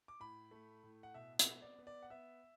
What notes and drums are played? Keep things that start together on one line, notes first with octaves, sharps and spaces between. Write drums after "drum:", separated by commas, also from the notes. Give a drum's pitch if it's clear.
D6
A2 B5
A3
A2
F#5
B2 E5
E5, drum: hi-hat
B3
D5
B3
D5
F#5
B3 E5